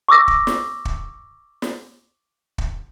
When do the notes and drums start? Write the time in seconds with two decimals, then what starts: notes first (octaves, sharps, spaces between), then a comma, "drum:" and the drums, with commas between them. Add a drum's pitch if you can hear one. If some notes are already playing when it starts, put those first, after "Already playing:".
0.08 C#6 D6 E6 A#6
0.28 drum: kick
0.47 drum: snare
0.85 drum: kick
1.62 drum: snare
2.58 drum: kick